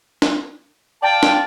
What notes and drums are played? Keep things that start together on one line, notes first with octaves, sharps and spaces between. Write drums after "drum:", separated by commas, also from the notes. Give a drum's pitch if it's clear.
drum: snare
D5 F5 G5 A5
drum: snare